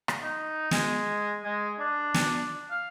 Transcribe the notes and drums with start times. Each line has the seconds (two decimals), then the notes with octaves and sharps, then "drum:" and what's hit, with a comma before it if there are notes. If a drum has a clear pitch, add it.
0.08 drum: rim click
0.22 D#4
0.71 G#3, drum: snare
1.44 G#3
1.79 D4
2.14 drum: snare
2.70 F5